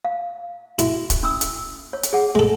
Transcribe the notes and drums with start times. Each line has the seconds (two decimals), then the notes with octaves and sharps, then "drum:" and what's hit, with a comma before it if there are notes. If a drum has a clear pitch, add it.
0.05 F5
0.79 E4 F#4 E5, drum: hi-hat
1.10 drum: kick, hi-hat
1.23 C#4 D#6 E6
1.41 drum: hi-hat
1.93 C#5
2.03 drum: hi-hat
2.13 G#4 F#5
2.35 G#3 A4